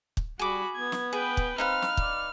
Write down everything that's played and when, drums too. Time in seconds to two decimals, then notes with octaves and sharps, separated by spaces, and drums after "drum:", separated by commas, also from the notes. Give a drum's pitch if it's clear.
0.17 drum: kick
0.39 G3 F#4 G#4 B5 D6
0.76 B3 G#6
0.92 drum: snare
1.13 G#4 B4 G5
1.37 drum: kick
1.58 C4 D#4 B4 F5 F6
1.82 drum: snare
1.97 D5, drum: kick